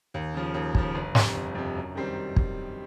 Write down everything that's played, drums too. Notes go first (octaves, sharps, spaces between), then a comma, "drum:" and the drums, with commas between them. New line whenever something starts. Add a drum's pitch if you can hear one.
D#2
C#3 F3
D#2
C#3 F3, drum: kick
G1
F2 C3, drum: snare
G1
F2 C3
F#2
D#3 G3 C4
drum: kick